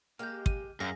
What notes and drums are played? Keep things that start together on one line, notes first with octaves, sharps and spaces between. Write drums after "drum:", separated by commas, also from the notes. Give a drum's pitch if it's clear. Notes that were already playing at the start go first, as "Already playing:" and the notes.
G#3 A#3 G4 F6 G6
D#7, drum: kick
F#2 G#4 F5 A#6